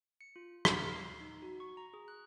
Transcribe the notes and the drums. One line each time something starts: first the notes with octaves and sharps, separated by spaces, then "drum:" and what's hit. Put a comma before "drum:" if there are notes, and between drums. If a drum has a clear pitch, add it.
C#7
F4
E6, drum: rim click
F6
C7
D#4
F#4
C#6
A#5
G#4
F#6